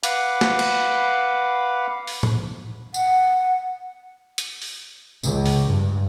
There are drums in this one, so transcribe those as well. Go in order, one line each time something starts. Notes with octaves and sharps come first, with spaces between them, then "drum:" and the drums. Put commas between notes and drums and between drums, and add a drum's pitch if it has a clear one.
B4 F5 F#5 B5 D6, drum: hi-hat
drum: snare
drum: cymbal
drum: open hi-hat
drum: tom A2
F#5, drum: tambourine
drum: hi-hat
drum: open hi-hat
C#2, drum: tambourine
drum: open hi-hat
G2